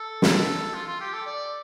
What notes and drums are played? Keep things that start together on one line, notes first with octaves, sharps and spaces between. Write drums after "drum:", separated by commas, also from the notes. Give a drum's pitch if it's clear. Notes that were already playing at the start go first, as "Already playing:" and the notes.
Already playing: A4
drum: snare
F4
F4
G4
A4
D5